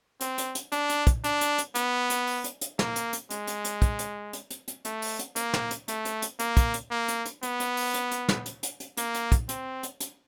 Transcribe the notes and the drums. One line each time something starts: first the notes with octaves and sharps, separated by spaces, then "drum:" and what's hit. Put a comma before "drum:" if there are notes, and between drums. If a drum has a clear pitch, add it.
C4, drum: hi-hat
drum: hi-hat
drum: hi-hat
D4, drum: hi-hat
drum: hi-hat
drum: kick, hi-hat
D4, drum: hi-hat
drum: hi-hat
drum: hi-hat
B3, drum: hi-hat
drum: hi-hat
drum: open hi-hat
drum: hi-hat
drum: hi-hat
A#3, drum: snare
drum: hi-hat
drum: hi-hat
G#3, drum: hi-hat
drum: hi-hat
drum: hi-hat
drum: kick, hi-hat
drum: hi-hat
drum: hi-hat
drum: hi-hat
drum: hi-hat
A3, drum: hi-hat
drum: open hi-hat
drum: hi-hat
A#3, drum: hi-hat
drum: snare
drum: hi-hat
A3, drum: hi-hat
drum: hi-hat
drum: hi-hat
A#3, drum: hi-hat
drum: kick, hi-hat
drum: hi-hat
A#3
drum: hi-hat
drum: hi-hat
B3, drum: hi-hat
drum: hi-hat
drum: open hi-hat
drum: hi-hat
drum: hi-hat
drum: snare
drum: hi-hat
drum: hi-hat
drum: hi-hat
A#3, drum: hi-hat
drum: hi-hat
drum: kick, hi-hat
C4, drum: hi-hat
drum: hi-hat
drum: hi-hat